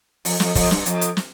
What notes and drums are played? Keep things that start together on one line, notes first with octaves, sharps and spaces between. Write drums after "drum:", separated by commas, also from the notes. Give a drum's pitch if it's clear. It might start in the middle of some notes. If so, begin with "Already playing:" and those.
F2, drum: open hi-hat
F2, drum: snare
F2, drum: kick, open hi-hat
G2, drum: snare
F2, drum: hi-hat
drum: hi-hat
drum: snare